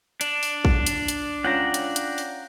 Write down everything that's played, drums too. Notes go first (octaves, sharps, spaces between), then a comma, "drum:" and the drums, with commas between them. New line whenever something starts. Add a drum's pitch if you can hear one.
D4, drum: hi-hat
drum: open hi-hat
drum: kick
drum: hi-hat
drum: hi-hat
C#4 F4 F#5 G5 A#5
drum: hi-hat
drum: hi-hat
drum: open hi-hat